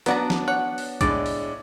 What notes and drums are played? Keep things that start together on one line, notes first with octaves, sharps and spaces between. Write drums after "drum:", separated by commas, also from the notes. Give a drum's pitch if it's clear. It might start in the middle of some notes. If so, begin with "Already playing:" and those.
F#3 B3 D4 F#4 B4 D5 F#5 A#5, drum: hi-hat
drum: snare
C#5 F#5
drum: open hi-hat
A2 D3 G#3 D5, drum: kick B1, hi-hat
drum: open hi-hat